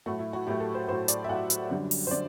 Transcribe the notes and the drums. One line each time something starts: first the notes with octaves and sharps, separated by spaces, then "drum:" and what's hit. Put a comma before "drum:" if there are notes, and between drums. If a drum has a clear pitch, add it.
A2 F#3 A3 F#4
E4
F#4
A2 F#3 A3 G4
A4
C5
A2 F#3 A3 C5
D5, drum: hi-hat
E5
A2 F#3 A3 F#5
drum: hi-hat
F#2 D3 G3
drum: open hi-hat
C5
D3 D5